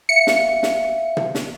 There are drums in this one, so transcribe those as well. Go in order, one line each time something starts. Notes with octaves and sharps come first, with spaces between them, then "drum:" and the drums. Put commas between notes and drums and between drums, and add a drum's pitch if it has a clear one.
E5 F5 C#7
drum: snare
drum: snare
drum: tom
drum: snare